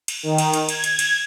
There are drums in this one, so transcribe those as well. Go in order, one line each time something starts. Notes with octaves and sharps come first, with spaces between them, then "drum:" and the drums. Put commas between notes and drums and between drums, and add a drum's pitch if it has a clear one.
drum: cymbal
D#3
drum: cymbal
drum: cymbal
G#6, drum: cymbal
drum: cymbal
drum: cymbal